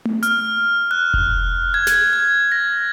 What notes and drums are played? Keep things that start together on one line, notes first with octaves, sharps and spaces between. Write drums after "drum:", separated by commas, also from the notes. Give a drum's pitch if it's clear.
drum: tom A3
F6, drum: hi-hat
F#6
drum: kick F1
G#6
drum: snare
G#6
A#6